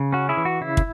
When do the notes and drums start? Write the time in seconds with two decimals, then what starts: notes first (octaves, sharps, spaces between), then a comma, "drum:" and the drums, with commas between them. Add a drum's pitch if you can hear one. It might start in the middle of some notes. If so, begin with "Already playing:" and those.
Already playing: C#3
0.13 C#4 F#4
0.29 E4 G#4
0.37 E3
0.45 F#4
0.61 C#3 E4
0.77 drum: kick